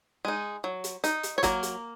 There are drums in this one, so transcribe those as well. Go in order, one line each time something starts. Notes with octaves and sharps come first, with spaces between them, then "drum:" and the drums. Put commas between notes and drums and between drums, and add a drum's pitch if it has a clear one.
G#3 D#4
F#3
drum: hi-hat
D#4, drum: hi-hat
drum: hi-hat
C#5
F#3 A#3 A#4, drum: kick, hi-hat
drum: hi-hat